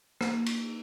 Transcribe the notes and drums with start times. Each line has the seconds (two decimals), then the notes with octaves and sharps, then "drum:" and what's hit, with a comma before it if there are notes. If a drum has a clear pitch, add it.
0.21 A#3, drum: rim click
0.46 drum: cymbal